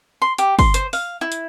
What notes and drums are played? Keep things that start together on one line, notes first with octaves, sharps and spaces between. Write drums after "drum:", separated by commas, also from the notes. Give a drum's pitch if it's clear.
C6
G4, drum: hi-hat
C6, drum: kick, open hi-hat
C5, drum: hi-hat
F5, drum: open hi-hat
E4
drum: hi-hat